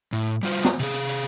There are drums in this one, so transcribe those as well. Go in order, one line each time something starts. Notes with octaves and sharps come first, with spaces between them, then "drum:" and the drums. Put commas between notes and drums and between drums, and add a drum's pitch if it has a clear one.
A2
G3 F4 C5
drum: snare
C3 G#4, drum: hi-hat
drum: hi-hat
drum: hi-hat